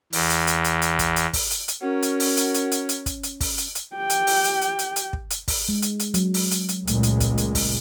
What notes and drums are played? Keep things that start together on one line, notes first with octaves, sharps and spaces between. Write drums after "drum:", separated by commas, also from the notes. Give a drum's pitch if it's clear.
E2, drum: open hi-hat
drum: hi-hat
drum: hi-hat
drum: hi-hat
drum: hi-hat
drum: kick, hi-hat
drum: hi-hat
drum: kick, open hi-hat
drum: hi-hat
drum: hi-hat
C#4 F#4 A#4
drum: hi-hat
drum: open hi-hat
drum: hi-hat
drum: hi-hat
drum: hi-hat
drum: hi-hat
drum: kick, hi-hat
drum: hi-hat
drum: kick, open hi-hat
drum: hi-hat
drum: hi-hat
G4 G5
drum: hi-hat
drum: open hi-hat
drum: hi-hat
drum: hi-hat
drum: hi-hat
drum: hi-hat
drum: kick
drum: hi-hat
drum: kick, open hi-hat
G#3
drum: hi-hat
drum: hi-hat
F#3, drum: hi-hat
drum: open hi-hat
drum: hi-hat
drum: hi-hat
C#2 A#2 G#3 A3, drum: hi-hat
drum: hi-hat
drum: kick, hi-hat
drum: hi-hat
drum: kick, open hi-hat